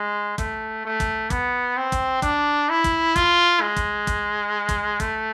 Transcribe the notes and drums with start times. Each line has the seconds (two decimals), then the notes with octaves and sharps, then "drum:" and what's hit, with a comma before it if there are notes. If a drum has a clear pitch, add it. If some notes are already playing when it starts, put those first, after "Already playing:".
Already playing: G#3
0.38 A3, drum: kick, hi-hat
0.85 A3
1.00 drum: kick, hi-hat
1.30 B3, drum: kick, hi-hat
1.77 C4
1.92 drum: kick, hi-hat
2.22 D4, drum: kick, hi-hat
2.69 E4
2.84 drum: kick, hi-hat
3.16 F4, drum: kick, hi-hat
3.61 G#3
3.76 drum: kick, hi-hat
4.07 drum: kick, hi-hat
4.69 drum: kick, hi-hat
5.00 A3, drum: kick, hi-hat